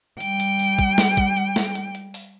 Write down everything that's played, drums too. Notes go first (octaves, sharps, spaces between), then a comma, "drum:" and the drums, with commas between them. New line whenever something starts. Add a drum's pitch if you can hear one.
G3 G5, drum: hi-hat
drum: hi-hat
drum: open hi-hat
drum: kick, hi-hat
drum: snare
drum: kick, hi-hat
drum: hi-hat
drum: snare
drum: hi-hat
drum: hi-hat
drum: open hi-hat